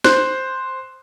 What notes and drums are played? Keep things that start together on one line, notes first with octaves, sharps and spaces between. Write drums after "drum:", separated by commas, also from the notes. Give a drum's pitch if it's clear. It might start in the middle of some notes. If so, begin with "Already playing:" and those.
C5 F#6, drum: snare